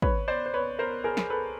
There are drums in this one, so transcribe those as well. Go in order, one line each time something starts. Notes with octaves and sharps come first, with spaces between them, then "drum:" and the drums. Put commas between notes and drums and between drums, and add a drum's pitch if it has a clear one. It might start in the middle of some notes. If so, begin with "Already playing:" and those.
B4 C#5, drum: kick
C5 D5
C5
B4 C#5
A#4 C5
G#4 A#4
drum: snare
A4 B4